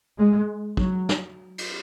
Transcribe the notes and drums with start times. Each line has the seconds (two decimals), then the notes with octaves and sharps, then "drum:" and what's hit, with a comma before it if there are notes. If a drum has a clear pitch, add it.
0.18 G#3
0.77 F#3, drum: kick
1.09 drum: snare
1.58 drum: cymbal